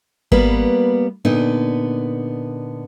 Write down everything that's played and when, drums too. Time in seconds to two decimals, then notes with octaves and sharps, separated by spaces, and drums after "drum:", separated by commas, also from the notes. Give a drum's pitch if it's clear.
0.32 G3 A#3 B3 B4, drum: kick G#1
1.25 A#2 D3 B3 D#4